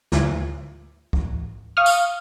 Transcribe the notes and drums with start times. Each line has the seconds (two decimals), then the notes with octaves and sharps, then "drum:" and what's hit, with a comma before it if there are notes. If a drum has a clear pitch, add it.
0.12 D2, drum: snare
1.13 drum: kick C#2
1.77 F5 C#6 D#6 F6
1.86 drum: tambourine